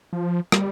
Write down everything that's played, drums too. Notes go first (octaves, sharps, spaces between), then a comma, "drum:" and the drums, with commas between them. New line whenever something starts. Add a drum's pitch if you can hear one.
F3
G3, drum: rim click